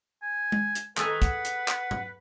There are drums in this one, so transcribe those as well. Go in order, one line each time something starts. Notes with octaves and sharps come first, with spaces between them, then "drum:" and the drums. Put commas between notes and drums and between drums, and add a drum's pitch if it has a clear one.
G#5
drum: tom
drum: hi-hat
D#3 G#4 A4 B4 G#5, drum: clap
F#5, drum: kick, hi-hat
drum: hi-hat
drum: clap
drum: tom A2